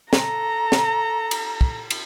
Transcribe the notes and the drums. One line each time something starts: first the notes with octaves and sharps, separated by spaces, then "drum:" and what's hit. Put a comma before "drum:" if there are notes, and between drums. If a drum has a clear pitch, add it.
A4 A#5, drum: snare
drum: snare
drum: cymbal
drum: kick
drum: cymbal